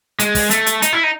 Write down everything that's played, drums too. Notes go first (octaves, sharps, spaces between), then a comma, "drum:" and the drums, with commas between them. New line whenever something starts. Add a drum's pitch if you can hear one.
G#3, drum: hi-hat
drum: kick, open hi-hat
A3, drum: hi-hat
drum: hi-hat
D#4, drum: hi-hat
E4
D#4